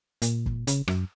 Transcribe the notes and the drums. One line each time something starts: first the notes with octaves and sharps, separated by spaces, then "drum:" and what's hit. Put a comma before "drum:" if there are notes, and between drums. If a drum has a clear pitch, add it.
A#2, drum: hi-hat
drum: kick F#1
C#3, drum: hi-hat
F#2, drum: rim click